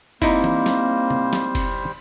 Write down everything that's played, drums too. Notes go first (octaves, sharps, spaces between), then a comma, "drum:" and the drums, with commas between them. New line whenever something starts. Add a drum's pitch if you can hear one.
G3 A#3 C4 D#4 E4 C5, drum: kick, cymbal
drum: tom E3
drum: snare
drum: tom
drum: snare
drum: kick, cymbal